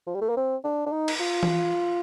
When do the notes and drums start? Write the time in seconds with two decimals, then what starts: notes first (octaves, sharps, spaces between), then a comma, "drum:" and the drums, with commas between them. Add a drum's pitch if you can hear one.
0.07 F3
0.15 G3
0.21 A3
0.29 A#3
0.37 C4
0.64 D4
0.86 D4
0.92 D#4
1.08 drum: cymbal
1.20 F4
1.43 drum: tom E3